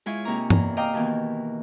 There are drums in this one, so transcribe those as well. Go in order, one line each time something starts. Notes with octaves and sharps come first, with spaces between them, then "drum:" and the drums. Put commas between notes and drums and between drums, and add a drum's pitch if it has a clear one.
G#3 E4 F4 C#5 G#5
C3 A#3 D#4 A#5 C#6
E2 A#5, drum: tom G2
D#5 F5 G5 A#5 D6 F6
B2 D#3 E3 A#3